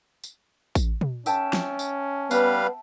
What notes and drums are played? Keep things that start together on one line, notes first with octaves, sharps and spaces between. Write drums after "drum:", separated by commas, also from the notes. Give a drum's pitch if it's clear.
drum: tambourine
drum: kick A1, tambourine
drum: tom
C#4 E5 G5 A5, drum: tambourine
drum: snare
drum: tambourine
G3 B3 B4 F5, drum: tambourine